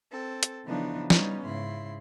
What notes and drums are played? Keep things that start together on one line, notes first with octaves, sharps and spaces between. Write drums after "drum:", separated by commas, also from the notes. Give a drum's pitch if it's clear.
C4 A4
drum: hi-hat
C#3 E3 F3 B3 D4 D#4
G3 B3 C#4 D#4 F4, drum: snare
G#2 C#3 E4 C6